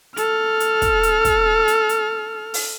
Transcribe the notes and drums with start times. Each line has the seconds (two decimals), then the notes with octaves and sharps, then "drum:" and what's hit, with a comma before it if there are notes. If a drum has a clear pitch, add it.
0.17 A4 F6, drum: hi-hat
0.60 drum: hi-hat
0.82 drum: kick, hi-hat
1.03 drum: hi-hat
1.25 drum: kick, hi-hat
1.68 drum: hi-hat
1.89 drum: hi-hat
2.54 drum: open hi-hat